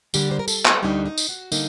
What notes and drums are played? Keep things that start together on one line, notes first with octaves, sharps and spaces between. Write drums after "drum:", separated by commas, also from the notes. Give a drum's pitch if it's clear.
D2 D3 G3 A#3 D4 G4, drum: tambourine
C5
A#4
A4, drum: tambourine
drum: clap
D2 D3 G3 A#3 D4 D#4
D#4
drum: tambourine
F#4
D3 G3 A#3 D#4, drum: tambourine